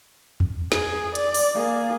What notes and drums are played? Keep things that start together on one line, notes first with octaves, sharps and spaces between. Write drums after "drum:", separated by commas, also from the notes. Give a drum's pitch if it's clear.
drum: tom E2
G#4, drum: snare
D5, drum: hi-hat
drum: open hi-hat
A#3 G#4